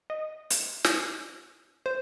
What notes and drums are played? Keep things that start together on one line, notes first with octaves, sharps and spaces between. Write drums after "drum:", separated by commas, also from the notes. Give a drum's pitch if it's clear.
D#5
drum: hi-hat
drum: snare
C5